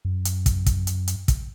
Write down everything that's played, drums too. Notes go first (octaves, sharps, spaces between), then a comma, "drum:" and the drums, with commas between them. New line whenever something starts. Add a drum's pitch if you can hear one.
F#2
drum: hi-hat
drum: kick, hi-hat
drum: kick, hi-hat
drum: hi-hat
drum: hi-hat
drum: kick, hi-hat